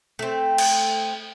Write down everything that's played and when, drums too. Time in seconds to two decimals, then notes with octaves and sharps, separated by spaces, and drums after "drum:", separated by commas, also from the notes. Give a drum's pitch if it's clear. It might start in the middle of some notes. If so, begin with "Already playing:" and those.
0.19 A3 C4
0.58 drum: cymbal